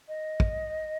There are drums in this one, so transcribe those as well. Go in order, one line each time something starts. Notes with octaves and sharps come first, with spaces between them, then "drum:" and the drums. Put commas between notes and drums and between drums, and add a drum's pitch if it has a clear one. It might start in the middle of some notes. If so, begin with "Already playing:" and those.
D#5
drum: kick